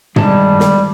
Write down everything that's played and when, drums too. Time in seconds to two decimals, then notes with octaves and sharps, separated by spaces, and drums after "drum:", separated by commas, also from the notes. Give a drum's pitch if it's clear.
0.16 D#3 G3 G#3 A5, drum: tom
0.60 drum: snare